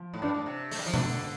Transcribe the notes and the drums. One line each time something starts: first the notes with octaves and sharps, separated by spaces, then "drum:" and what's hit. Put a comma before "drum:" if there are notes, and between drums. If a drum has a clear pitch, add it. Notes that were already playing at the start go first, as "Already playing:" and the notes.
Already playing: F3
A2
G2 D4
A2
C3
A3, drum: open hi-hat
G3
F3
D3, drum: tom B2